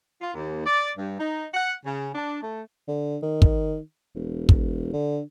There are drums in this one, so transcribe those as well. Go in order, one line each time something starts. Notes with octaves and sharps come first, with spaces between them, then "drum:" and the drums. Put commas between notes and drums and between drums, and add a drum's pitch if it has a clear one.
F4
D#2
D5
G2
D#4
F#5
C#3
D4
A3
D3
D#3
drum: kick
E1
drum: kick
D3